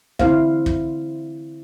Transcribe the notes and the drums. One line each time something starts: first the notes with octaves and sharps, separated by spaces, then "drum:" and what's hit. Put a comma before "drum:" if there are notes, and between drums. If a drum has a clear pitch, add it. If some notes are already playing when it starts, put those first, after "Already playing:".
D3 C4 E4 C5 F5, drum: kick
drum: kick